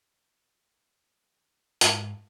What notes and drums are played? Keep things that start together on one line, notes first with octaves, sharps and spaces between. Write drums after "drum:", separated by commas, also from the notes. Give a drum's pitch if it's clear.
G#2, drum: hi-hat